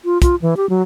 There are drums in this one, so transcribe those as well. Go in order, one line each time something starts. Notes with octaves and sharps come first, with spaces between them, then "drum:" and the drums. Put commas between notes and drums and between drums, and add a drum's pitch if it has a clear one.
F4
F4, drum: kick, hi-hat
E3
G4
F#3